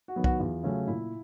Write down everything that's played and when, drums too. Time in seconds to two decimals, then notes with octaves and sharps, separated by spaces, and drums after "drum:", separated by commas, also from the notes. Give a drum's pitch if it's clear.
0.08 F#4
0.16 D#3 F#3 B3
0.24 F#4, drum: kick B1
0.40 E2 F4
0.64 C#3 F#3 A3 C#4
0.87 A#2 E4